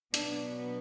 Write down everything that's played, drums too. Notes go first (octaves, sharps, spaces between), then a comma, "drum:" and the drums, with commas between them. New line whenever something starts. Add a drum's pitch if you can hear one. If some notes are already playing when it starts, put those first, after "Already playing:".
B2 F#3 B3 D4, drum: hi-hat